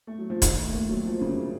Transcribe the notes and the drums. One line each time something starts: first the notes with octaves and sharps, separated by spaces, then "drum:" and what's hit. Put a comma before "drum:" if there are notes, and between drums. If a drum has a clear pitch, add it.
A3
F#3
F3
D#3, drum: kick D#1, hi-hat
A3
A3
A#3
F#3
F3
C#3
C#3